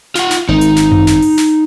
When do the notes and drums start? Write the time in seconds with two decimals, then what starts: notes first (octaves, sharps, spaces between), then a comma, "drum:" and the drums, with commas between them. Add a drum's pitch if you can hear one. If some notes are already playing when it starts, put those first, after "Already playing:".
0.15 F4 F#5, drum: snare
0.31 drum: snare
0.49 G#1 D#4
0.61 drum: hi-hat
0.76 drum: snare
0.92 drum: tom F#2
1.07 drum: snare
1.22 drum: open hi-hat
1.38 drum: snare